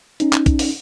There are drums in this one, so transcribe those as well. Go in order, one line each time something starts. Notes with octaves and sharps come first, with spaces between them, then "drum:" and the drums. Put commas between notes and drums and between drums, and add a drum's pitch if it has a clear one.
C#4 D#4, drum: hi-hat
drum: clap
drum: kick A#1, hi-hat
drum: open hi-hat